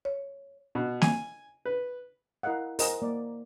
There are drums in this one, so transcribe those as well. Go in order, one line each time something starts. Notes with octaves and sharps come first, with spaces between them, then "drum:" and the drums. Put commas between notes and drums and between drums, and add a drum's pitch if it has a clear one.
C#5
B2
G#5, drum: snare
B4
E4 A#4 D#5 F5 F#5
A#4 C5 D#5 F#5 G#5 A#5, drum: open hi-hat
A#3 D5